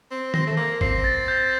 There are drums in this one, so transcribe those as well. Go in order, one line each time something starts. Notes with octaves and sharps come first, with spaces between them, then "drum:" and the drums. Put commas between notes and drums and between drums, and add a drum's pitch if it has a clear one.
C4
C4 A#6, drum: tom D#3
A3
A#3
C4 C7, drum: kick G#1
A6
G6